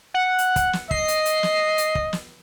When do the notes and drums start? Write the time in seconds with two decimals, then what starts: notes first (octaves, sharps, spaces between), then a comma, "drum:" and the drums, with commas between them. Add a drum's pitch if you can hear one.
0.14 F#5
0.38 drum: hi-hat
0.56 drum: kick, hi-hat
0.73 drum: snare
0.91 D#5 C7, drum: kick
1.08 drum: hi-hat
1.26 drum: hi-hat
1.43 drum: snare
1.78 drum: hi-hat
1.95 drum: kick
2.13 drum: snare